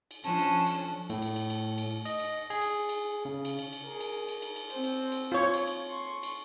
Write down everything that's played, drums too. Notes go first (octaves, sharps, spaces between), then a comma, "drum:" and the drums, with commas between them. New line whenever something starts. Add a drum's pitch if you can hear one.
drum: cymbal
F3 C#4 D4 A5, drum: cymbal
drum: cymbal
drum: cymbal
A2, drum: cymbal
drum: cymbal
drum: cymbal
drum: cymbal
drum: cymbal
D#5, drum: cymbal
drum: cymbal
G#4, drum: cymbal
drum: cymbal
drum: cymbal
C#3
drum: cymbal
drum: cymbal
drum: cymbal
G#4 A#4
drum: cymbal
drum: cymbal
drum: cymbal
drum: cymbal
C4 C5, drum: cymbal
drum: cymbal
drum: cymbal
F4 C#5
drum: cymbal
drum: cymbal
C6 C#6
drum: cymbal